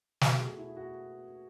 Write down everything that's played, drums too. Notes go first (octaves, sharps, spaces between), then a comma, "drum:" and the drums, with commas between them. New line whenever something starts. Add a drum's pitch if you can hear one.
B2 A3 F#4, drum: snare
G#4
E4
F#4